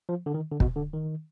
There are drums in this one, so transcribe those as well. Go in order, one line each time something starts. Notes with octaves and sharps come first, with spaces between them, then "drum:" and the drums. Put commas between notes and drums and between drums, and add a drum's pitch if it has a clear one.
F3
D3
D#3
D3
B2, drum: kick
D3
D#3